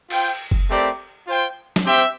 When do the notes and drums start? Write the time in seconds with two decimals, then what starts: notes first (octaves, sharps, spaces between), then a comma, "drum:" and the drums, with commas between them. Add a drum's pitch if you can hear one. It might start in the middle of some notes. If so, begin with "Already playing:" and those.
0.10 F4 C5 G5, drum: cymbal
0.51 drum: kick F#1
0.70 A3 C4 G4 A#4 D5
1.26 F4 C5 G5
1.76 drum: snare
1.85 C4 G4 C5 E5 G5